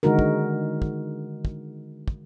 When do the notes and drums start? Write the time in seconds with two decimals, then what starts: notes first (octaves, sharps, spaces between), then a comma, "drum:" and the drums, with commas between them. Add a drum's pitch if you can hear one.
0.03 D3 D#3 G#3 D#4 F#4 A#4
0.19 drum: kick
0.82 drum: kick
1.45 drum: kick
2.08 drum: kick